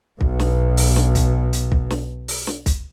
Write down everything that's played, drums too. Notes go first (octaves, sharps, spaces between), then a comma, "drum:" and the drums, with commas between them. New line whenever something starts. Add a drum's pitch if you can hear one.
B1 B2, drum: kick
drum: snare
drum: open hi-hat
drum: snare
drum: kick, hi-hat
drum: hi-hat
drum: kick
drum: snare
drum: open hi-hat
drum: snare
drum: kick, hi-hat